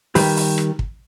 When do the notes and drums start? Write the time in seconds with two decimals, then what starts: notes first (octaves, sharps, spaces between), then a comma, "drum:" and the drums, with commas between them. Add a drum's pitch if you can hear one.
0.15 D#3 G3 B4, drum: open hi-hat
0.36 drum: open hi-hat
0.58 drum: rim click
0.79 drum: kick